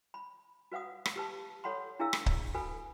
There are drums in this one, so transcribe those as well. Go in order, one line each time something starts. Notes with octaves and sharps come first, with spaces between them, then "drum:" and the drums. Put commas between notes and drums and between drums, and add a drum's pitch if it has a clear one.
B5
F#4 B4 F5 F#5 D#6
drum: rim click
G4 B4 A5
A4 C#5 F#5 B5 C6
D4 E4 G#4 A#4 F5 E6
drum: rim click
drum: kick C#1
F#4 A4 B4 G#5 B5